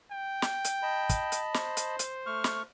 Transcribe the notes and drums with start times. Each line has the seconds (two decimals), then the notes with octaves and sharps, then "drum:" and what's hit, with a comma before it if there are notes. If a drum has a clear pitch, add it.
0.12 G5
0.42 drum: snare
0.65 drum: hi-hat
0.82 D#5 A5 B5
1.09 drum: kick, hi-hat
1.32 drum: hi-hat
1.54 C5, drum: snare
1.77 drum: hi-hat
1.99 drum: hi-hat
2.26 A3 C#6 F6
2.44 drum: snare